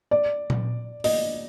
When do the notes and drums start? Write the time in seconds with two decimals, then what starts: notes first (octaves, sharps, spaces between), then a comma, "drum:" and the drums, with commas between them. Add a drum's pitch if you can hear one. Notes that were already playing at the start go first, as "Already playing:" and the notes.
0.11 D5
0.50 drum: tom A#2
1.04 D#5, drum: open hi-hat